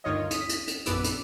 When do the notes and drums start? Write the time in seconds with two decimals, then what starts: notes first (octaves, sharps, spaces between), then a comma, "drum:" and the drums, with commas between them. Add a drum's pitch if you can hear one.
0.04 D2 G2 D#3 F4 C#5 D#5
0.31 D#6 B6, drum: hi-hat
0.49 drum: hi-hat
0.67 drum: hi-hat
0.86 A#1 F#2 B3 B4 D6 E6, drum: hi-hat
1.04 drum: hi-hat